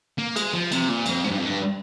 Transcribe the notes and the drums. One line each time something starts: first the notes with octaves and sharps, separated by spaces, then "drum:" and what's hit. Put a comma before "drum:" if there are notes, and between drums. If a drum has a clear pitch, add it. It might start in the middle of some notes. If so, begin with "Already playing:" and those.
A#3
G#3, drum: cymbal
F3
C3, drum: cymbal
A#2
F2, drum: cymbal
G#2
G2
F2
G2